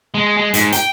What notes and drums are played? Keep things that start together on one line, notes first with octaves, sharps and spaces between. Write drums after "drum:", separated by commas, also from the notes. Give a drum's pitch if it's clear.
G#3
G#3
G#2, drum: hi-hat
G5, drum: hi-hat